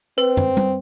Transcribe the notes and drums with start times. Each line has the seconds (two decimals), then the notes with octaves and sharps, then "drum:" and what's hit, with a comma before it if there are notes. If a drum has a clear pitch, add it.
0.18 C4 B4
0.37 drum: tom
0.57 drum: tom G3